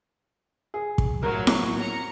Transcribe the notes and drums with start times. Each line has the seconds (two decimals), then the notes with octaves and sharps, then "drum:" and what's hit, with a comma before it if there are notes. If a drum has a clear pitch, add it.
0.74 G#4
0.98 drum: kick
1.23 A2 F3 F#3 A#4
1.47 drum: snare E4
1.79 A#5 C#7